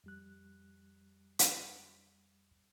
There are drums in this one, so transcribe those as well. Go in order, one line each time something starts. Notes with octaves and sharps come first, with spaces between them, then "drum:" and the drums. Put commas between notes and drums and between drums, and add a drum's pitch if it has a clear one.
F2 G3 F#6
drum: hi-hat